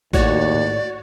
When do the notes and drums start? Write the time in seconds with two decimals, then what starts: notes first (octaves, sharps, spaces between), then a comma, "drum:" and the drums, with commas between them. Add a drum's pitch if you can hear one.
0.13 D#2 A2 F#4 C#5 D5, drum: kick A1
0.54 drum: tom G#2